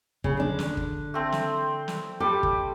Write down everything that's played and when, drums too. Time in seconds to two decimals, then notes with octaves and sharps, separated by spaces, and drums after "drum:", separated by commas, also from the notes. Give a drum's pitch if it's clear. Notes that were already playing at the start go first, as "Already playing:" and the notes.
0.24 C#3, drum: kick
0.37 D3 D4
0.59 drum: snare
0.77 drum: kick
1.14 A3 C4
1.32 drum: snare
1.88 drum: snare
2.20 G3 G4 A4
2.43 drum: kick